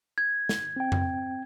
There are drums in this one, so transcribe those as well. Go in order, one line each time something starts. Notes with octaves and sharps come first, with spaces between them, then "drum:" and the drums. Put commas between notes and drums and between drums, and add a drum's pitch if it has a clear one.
G#6
drum: snare
C4 G5
drum: tom F2